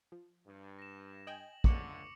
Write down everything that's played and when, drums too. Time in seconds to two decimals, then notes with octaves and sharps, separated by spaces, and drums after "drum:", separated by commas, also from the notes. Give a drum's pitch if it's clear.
0.12 F3
0.46 G2
0.79 A#6 E7
1.27 D#5 G5 G#5 F#7
1.64 C#2 D3 C#6 D6 C#7, drum: kick